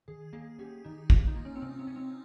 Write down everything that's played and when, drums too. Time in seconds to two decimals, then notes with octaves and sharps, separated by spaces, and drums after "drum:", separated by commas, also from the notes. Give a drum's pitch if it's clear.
0.08 D#3 G#4
0.33 A#3 G#4
0.58 C#4 G4
0.85 D#3 D#4
1.10 A#3 F4, drum: kick
1.27 D#4
1.35 A#3
1.45 C#4
1.56 C4
1.62 C3 C#4
1.79 C4
1.87 C#4
1.96 C4